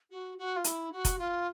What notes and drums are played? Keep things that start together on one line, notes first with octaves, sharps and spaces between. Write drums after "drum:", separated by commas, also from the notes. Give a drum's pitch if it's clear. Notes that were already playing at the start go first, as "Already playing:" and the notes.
F#4
F#4
F4
E4, drum: hi-hat
F#4
drum: kick F1, hi-hat
F4